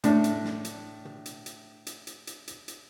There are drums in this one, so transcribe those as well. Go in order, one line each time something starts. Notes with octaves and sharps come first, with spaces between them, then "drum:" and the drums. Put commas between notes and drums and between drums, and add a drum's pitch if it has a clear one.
A2 D4, drum: hi-hat
drum: hi-hat
drum: snare
drum: hi-hat
drum: tom
drum: hi-hat
drum: hi-hat
drum: hi-hat
drum: hi-hat
drum: hi-hat
drum: hi-hat
drum: hi-hat